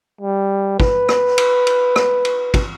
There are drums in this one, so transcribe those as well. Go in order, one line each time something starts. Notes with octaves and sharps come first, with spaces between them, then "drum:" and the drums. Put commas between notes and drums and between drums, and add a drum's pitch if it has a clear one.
G3
B4, drum: kick
drum: rim click
drum: cymbal
drum: cymbal
drum: rim click
drum: cymbal
drum: kick, cymbal